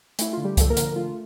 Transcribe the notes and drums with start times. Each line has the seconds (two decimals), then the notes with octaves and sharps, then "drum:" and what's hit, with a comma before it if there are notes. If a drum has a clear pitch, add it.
0.19 A3 E4, drum: hi-hat
0.33 D3 F4
0.44 G3 G4
0.57 F3 A4, drum: kick, hi-hat
0.70 A#3 A#4
0.77 D3, drum: hi-hat
0.96 A3 F4